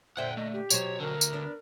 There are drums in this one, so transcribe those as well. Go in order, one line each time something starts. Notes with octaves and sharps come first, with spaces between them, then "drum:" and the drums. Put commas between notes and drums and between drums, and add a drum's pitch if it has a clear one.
A#2 D3 C5 E5 F#5 G5
A3 D#5
G4
B2 F#3 C4 C#5, drum: tambourine
D2 D3 A#4
drum: tambourine
B3 D4